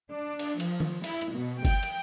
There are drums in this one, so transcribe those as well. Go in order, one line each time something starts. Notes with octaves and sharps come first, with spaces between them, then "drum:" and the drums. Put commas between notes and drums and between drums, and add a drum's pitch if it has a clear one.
D4
drum: cymbal
F3, drum: cymbal
drum: tom D#3
E4, drum: cymbal
drum: cymbal
B2
G5, drum: kick G1, cymbal
drum: cymbal